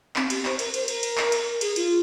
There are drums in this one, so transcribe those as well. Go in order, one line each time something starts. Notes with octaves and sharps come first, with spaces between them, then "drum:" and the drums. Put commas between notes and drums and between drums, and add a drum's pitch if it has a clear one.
C4, drum: clap
G4, drum: cymbal
C5, drum: clap
A#4, drum: cymbal
C5, drum: cymbal
A#4, drum: cymbal
drum: cymbal
drum: clap
drum: cymbal
G#4, drum: cymbal
F4, drum: cymbal